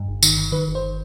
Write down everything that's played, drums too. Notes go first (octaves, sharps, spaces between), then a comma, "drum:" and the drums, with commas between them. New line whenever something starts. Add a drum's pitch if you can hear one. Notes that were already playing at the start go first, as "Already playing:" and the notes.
Already playing: G2
G1
D#3, drum: tambourine
D#3
D#3 B4
G1
C5